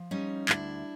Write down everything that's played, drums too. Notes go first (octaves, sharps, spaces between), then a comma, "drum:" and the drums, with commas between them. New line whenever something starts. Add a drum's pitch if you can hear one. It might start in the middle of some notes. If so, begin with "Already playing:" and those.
Already playing: F3
G3 C#4 D#4
D2 D4 E4, drum: clap